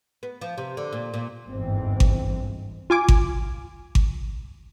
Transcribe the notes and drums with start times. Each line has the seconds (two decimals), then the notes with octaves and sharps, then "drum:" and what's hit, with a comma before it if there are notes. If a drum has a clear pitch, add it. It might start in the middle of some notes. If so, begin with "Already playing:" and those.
0.23 B3
0.41 F3
0.58 C3
0.77 D3
0.93 A#2
1.14 A#2
1.49 G1 E2 G#2 E3 C4
2.00 drum: kick G#1
2.90 F4 G#5 D6
3.08 drum: kick G#1
3.95 drum: kick G#1